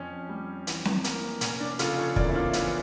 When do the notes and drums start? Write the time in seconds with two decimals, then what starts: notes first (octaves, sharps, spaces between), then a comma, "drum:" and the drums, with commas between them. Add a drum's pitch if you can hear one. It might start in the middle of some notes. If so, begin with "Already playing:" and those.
Already playing: F2 C#4
0.29 G3
0.67 E3, drum: hi-hat
0.85 drum: snare C4
1.04 A#3, drum: hi-hat
1.41 F1 C#4, drum: hi-hat
1.60 D4
1.79 C#3 F4 A4, drum: hi-hat
1.97 A4 C#5
2.16 E2 A#4 D5, drum: kick
2.29 E4
2.35 D4 F4
2.53 E3 C#4 E4, drum: hi-hat